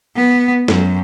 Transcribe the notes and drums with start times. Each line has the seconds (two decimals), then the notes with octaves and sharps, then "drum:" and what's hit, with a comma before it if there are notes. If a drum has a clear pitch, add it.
0.16 B3
0.68 F#2, drum: snare